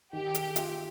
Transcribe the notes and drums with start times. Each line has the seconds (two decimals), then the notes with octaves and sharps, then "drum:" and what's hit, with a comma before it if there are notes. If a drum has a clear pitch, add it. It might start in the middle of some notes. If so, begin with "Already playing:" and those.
0.13 D#3 G4
0.35 G#4, drum: hi-hat
0.56 F4, drum: hi-hat